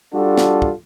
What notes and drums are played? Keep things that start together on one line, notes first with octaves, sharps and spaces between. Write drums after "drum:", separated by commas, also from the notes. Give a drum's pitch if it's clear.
G3 D4 F4 F#4 A4
drum: snare
drum: kick